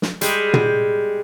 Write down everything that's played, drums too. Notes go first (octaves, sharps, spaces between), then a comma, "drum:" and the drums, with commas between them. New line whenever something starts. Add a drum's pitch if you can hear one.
drum: snare
G3 G#3, drum: hi-hat
drum: tom